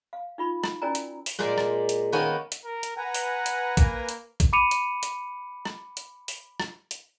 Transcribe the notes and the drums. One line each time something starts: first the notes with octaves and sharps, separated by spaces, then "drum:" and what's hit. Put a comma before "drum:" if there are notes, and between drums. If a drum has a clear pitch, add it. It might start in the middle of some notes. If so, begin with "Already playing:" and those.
F5
D#4 F4 B5
drum: rim click
C#4 E4 A#4 D5 G#5 A#5
drum: hi-hat
drum: open hi-hat
A#2 G#3 A#4 C5 D5
drum: rim click
drum: hi-hat
D#3 A#3 B3 C#4 G#5
drum: hi-hat
A#4
drum: hi-hat
B4 F#5 G#5 A#5
drum: open hi-hat
drum: hi-hat
A#3, drum: kick A#1, hi-hat
drum: hi-hat
drum: kick A#1, hi-hat
B5 D6 C#7 D#7 F7
drum: hi-hat
drum: hi-hat
drum: rim click
drum: hi-hat
drum: open hi-hat
drum: rim click
drum: hi-hat